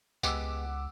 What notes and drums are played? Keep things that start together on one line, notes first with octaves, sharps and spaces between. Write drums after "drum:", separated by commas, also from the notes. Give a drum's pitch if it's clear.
C#2 G#3 B3 G4 F#5 D6 E6, drum: tambourine